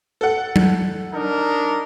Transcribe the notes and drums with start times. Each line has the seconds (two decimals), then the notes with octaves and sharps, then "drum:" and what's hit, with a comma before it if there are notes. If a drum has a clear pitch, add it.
0.21 A4 F#5
0.56 drum: tom F#3
1.13 D4 D#4 A#4